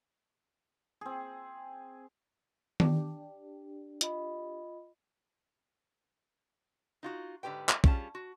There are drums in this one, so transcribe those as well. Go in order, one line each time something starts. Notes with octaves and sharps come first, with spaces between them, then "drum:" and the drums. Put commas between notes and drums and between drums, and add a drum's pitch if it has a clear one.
C4 G#4
D4 G4, drum: tom D#3
F4 D#5 B5, drum: hi-hat
D#4 F4 F#4
G#2 D3 G4 B4 G5
drum: clap
G3 C#4 D4 F4 G#4 A5, drum: kick
F#4